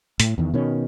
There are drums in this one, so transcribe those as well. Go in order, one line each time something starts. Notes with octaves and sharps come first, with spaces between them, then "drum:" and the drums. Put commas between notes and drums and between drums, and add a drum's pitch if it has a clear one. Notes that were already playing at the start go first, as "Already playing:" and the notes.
A2, drum: hi-hat
E2 D#3
B2 D#3 C#4